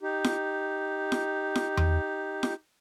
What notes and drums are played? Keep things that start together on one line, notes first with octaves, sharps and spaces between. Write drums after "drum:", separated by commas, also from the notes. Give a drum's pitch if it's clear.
D#4 G4
drum: snare
drum: snare
drum: snare
drum: tom E2
drum: snare